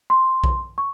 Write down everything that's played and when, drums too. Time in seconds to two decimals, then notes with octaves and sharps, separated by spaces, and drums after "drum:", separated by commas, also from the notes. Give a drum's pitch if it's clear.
0.10 C6
0.44 drum: kick B1
0.78 C#6